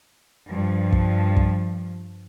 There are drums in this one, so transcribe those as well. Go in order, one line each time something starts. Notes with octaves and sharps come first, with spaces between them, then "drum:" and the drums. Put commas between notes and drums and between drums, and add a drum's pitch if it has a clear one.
G2 F3
drum: kick
drum: kick